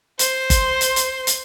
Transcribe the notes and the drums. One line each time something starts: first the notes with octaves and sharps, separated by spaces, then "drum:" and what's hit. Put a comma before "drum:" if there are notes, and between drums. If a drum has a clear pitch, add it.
C5 C6, drum: hi-hat
drum: kick G1, hi-hat
drum: hi-hat
drum: hi-hat
drum: hi-hat